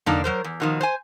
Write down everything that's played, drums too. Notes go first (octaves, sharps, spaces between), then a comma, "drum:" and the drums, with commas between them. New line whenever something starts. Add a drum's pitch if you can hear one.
D3 A#3 D4 D#4, drum: tom E2
F#3 A#4 C5
E2
B2 D#3 F3
C5 G#5